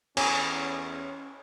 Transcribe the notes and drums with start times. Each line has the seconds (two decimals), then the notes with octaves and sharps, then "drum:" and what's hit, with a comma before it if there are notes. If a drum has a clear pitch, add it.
0.17 E2 C#4 C#5 G#5, drum: cymbal